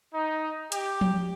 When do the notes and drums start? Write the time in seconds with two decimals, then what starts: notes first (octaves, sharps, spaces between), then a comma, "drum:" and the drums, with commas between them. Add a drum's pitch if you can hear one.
0.14 D#4
0.72 G4, drum: hi-hat
1.01 drum: tom F3